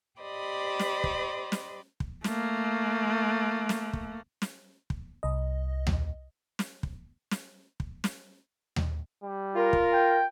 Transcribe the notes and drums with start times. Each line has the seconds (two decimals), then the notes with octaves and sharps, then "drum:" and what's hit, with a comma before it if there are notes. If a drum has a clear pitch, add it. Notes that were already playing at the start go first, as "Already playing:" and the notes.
0.20 G4 C5 D5 D#5 B5
0.80 drum: snare
1.04 drum: kick
1.52 drum: snare
2.00 drum: kick
2.24 A3 A#3, drum: snare
3.69 drum: snare
3.93 drum: kick
4.42 drum: snare
4.90 drum: kick
5.23 C2 D#5
5.87 drum: tom D#2
6.59 drum: snare
6.83 drum: kick
7.31 drum: snare
7.80 drum: kick
8.04 drum: snare
8.76 drum: tom D#2
9.23 G3
9.56 F4 A#4
9.73 drum: kick
9.93 G5